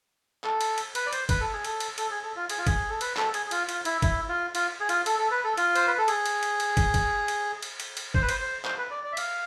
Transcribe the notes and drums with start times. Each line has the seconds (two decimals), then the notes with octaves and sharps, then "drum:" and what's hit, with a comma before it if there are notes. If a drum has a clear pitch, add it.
0.44 A4, drum: clap
0.61 drum: cymbal
0.78 drum: cymbal
0.95 B4, drum: cymbal
1.06 D5
1.13 C5, drum: cymbal
1.29 B4, drum: kick, cymbal
1.40 A4
1.53 G#4
1.64 A4, drum: cymbal
1.80 drum: cymbal
1.98 A4, drum: cymbal
2.11 G#4
2.23 A4
2.36 F4
2.49 G#4, drum: cymbal
2.58 F4
2.67 G#4, drum: kick, cymbal
2.89 A4
3.01 B4, drum: cymbal
3.17 A4, drum: clap
3.34 G#4, drum: cymbal
3.46 G#4
3.51 F4, drum: cymbal
3.69 F4, drum: cymbal
3.85 E4, drum: cymbal
4.02 E4, drum: kick, cymbal
4.28 F4
4.55 F4, drum: cymbal
4.80 G#4
4.89 F4, drum: cymbal
5.06 A4, drum: cymbal
5.19 A4
5.31 B4
5.44 A4
5.57 F4, drum: cymbal
5.76 C5, drum: cymbal
5.87 B4
5.98 A4
6.08 G#4, drum: cymbal
6.26 drum: cymbal
6.43 drum: cymbal
6.60 drum: cymbal
6.77 drum: kick, cymbal
6.94 drum: kick, cymbal
7.28 drum: cymbal
7.63 drum: cymbal
7.80 drum: cymbal
7.97 drum: cymbal
8.14 C5, drum: kick
8.22 B4
8.29 C5, drum: cymbal
8.40 C5
8.65 C5, drum: clap
8.78 B4
8.91 D5
9.04 D5
9.12 E5
9.17 F5, drum: cymbal